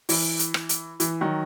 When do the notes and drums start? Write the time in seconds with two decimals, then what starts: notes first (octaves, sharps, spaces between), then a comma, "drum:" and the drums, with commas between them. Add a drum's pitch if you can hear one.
0.09 E3, drum: open hi-hat
0.39 drum: hi-hat
0.54 drum: rim click
0.69 drum: hi-hat
1.00 E3, drum: hi-hat
1.21 D#3 F#3